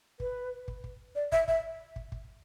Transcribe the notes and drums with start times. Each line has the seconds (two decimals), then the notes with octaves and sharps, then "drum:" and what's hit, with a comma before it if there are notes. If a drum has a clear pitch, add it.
0.20 B4, drum: kick
0.68 drum: kick
0.84 drum: kick
1.15 D5
1.32 E5, drum: kick
1.48 E5, drum: kick
1.96 drum: kick
2.12 drum: kick